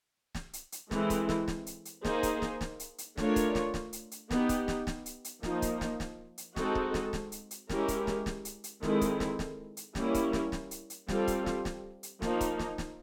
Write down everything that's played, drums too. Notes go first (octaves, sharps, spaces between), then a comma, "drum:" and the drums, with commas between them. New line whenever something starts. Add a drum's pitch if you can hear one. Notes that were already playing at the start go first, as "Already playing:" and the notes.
drum: snare
drum: hi-hat
drum: hi-hat
E3 G#3 C4 E4 A4, drum: snare
drum: kick, hi-hat
drum: snare
drum: snare
drum: hi-hat
drum: hi-hat
A#3 D#4 G#4 C5, drum: snare
drum: kick, hi-hat
drum: snare
drum: snare
drum: hi-hat
drum: hi-hat
A3 D4 F4 A#4 C#5, drum: snare
drum: kick, hi-hat
drum: snare
drum: snare
drum: hi-hat
drum: hi-hat
B3 D#4 G4, drum: snare
drum: kick, hi-hat
drum: snare
drum: snare
drum: hi-hat
drum: hi-hat
F3 A#3 D#4, drum: snare
drum: kick, hi-hat
drum: snare
drum: snare
drum: hi-hat
G#3 C4 D#4 F#4 A4, drum: snare
drum: kick
drum: snare
drum: snare
drum: hi-hat
drum: hi-hat
G#3 C#4 E4 G4 A#4, drum: snare
drum: kick, hi-hat
drum: snare
drum: snare
drum: hi-hat
drum: hi-hat
D#3 G#3 C4 E4 A4, drum: snare
drum: kick, hi-hat
drum: snare
drum: snare
drum: hi-hat
G3 A#3 C#4 E4, drum: snare
drum: kick, hi-hat
drum: snare
drum: snare
drum: hi-hat
drum: hi-hat
G3 C4 F4 A4, drum: snare
drum: kick, hi-hat
drum: snare
drum: snare
drum: hi-hat
F3 A#3 D#4, drum: snare
drum: kick, hi-hat
drum: snare
drum: snare